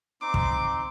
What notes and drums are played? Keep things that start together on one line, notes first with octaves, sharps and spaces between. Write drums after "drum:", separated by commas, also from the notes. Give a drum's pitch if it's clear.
C4 D#4 C6 D6
drum: kick